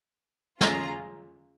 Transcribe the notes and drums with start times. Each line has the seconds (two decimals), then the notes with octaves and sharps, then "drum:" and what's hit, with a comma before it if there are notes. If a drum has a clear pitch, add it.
0.61 C#4 F4 G#4 A#5, drum: snare